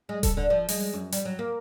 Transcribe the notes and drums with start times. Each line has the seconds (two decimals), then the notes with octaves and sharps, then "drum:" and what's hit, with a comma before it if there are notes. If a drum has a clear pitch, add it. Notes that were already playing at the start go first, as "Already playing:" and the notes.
0.09 G#3
0.23 A4, drum: kick D#1, hi-hat
0.37 D3
0.50 F3
0.69 G#3, drum: open hi-hat
0.94 F#2
1.12 G3, drum: hi-hat
1.25 F#3
1.39 A#3